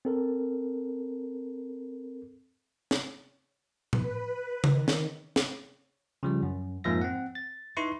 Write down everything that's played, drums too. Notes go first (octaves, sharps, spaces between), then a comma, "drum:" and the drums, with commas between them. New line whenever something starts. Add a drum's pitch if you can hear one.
C4 A4 A#4
drum: snare
B4, drum: tom A2
D#3, drum: tom C#3
drum: snare
drum: snare
C#3 F3 G3
F#2
F2 G#2 F3 A#3 E5 A#6
C4 F#5
A6
D#4 E4 B4 C6 C#6